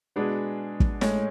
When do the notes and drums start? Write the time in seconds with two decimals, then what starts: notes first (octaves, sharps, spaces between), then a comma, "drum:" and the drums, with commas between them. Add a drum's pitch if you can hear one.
0.16 B2 G#3 B3 D4 G#4
0.80 drum: kick
1.01 A2 G#3 C#4, drum: snare